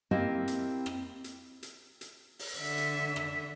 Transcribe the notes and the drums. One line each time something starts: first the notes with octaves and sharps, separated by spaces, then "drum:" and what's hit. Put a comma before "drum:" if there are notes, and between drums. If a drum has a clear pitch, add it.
A#3 C4 E4 G4 D#5 F5
drum: hi-hat
drum: rim click
drum: hi-hat
drum: hi-hat
drum: hi-hat
drum: open hi-hat
D3 E5
drum: hi-hat
drum: rim click